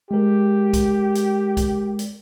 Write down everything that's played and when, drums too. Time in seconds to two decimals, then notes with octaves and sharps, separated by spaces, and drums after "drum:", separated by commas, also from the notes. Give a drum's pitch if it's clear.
0.11 G#3 G4 A#4
0.73 drum: kick, hi-hat
1.15 drum: hi-hat
1.57 drum: kick, hi-hat
1.99 drum: hi-hat